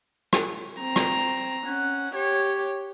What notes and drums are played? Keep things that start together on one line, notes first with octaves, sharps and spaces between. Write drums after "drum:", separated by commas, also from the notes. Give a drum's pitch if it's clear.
drum: rim click
C4 A#5
drum: rim click
C#4 F#5
G4 C#5